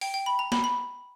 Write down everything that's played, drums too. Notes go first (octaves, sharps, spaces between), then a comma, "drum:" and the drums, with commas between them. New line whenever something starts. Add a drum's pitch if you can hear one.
G5, drum: open hi-hat
G5
B5
A#5
B5, drum: snare
B5